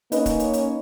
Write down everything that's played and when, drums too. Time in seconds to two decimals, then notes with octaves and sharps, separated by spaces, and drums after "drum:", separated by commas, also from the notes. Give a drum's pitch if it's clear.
0.12 A#3 C#4 D#4 B4 D#5, drum: hi-hat
0.26 drum: kick C#1, hi-hat
0.39 drum: hi-hat
0.53 drum: hi-hat